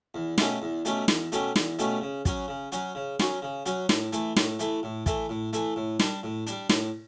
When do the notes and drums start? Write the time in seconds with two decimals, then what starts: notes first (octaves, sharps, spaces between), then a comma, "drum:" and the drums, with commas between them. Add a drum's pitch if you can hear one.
0.14 E2
0.38 B2 A3 C#4 G4, drum: snare
0.62 E2
0.85 B2 A3 C#4 G4, drum: hi-hat
1.08 E2, drum: snare
1.32 B2 A3 C#4 G4, drum: hi-hat
1.56 E2, drum: snare
1.79 B2 A3 C#4 G4, drum: hi-hat
2.01 C#3
2.25 F#3 C#4 F#4, drum: kick, hi-hat
2.48 C#3
2.72 F#3 C#4 F#4, drum: hi-hat
2.95 C#3
3.19 F#3 C#4 F#4, drum: snare
3.42 C#3
3.66 F#3 C#4 F#4, drum: hi-hat
3.89 A2, drum: snare
4.12 E3 A3, drum: hi-hat
4.36 A2, drum: snare
4.59 E3 A3, drum: hi-hat
4.83 A2
5.06 E3 A3, drum: kick, hi-hat
5.29 A2
5.53 E3 A3, drum: hi-hat
5.76 A2
5.99 G3 D4, drum: snare
6.23 A2
6.47 G3 D4, drum: hi-hat
6.69 A2, drum: snare